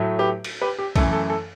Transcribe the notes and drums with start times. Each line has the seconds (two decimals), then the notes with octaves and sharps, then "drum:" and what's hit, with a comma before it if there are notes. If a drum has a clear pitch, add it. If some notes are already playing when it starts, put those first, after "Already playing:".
Already playing: A2 F#3 A3
0.19 G4 B4
0.44 drum: cymbal
0.62 G4 B4
0.79 G4
0.96 F#2 E3 A3 A4, drum: kick B1, cymbal
1.13 A4
1.30 A4